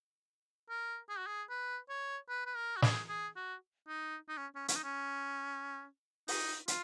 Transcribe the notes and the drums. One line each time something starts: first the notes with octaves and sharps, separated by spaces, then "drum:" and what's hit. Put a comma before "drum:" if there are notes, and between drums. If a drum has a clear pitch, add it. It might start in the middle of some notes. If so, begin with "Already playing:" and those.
A#4
G#4
F#4
G#4
B4
C#5
B4
B4
A#4
F#4
G#4, drum: snare
G#4
F#4
D#4
D#4
C#4
C#4
C#4, drum: hi-hat
D#4
C#4
D#4, drum: open hi-hat
F4, drum: hi-hat